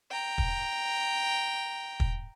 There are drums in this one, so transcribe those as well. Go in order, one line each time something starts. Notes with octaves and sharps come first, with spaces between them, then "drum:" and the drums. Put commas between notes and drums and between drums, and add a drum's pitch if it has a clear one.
G5 A#5
drum: kick
drum: kick